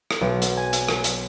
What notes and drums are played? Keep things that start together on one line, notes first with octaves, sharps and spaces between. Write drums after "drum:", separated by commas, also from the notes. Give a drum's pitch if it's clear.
drum: rim click
B1
drum: hi-hat
G#5
drum: hi-hat
drum: rim click
drum: hi-hat